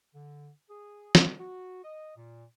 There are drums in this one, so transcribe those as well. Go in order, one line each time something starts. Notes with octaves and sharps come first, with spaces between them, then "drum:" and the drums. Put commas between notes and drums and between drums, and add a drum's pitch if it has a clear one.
D3
G#4
drum: snare
F#4
D#5
A#2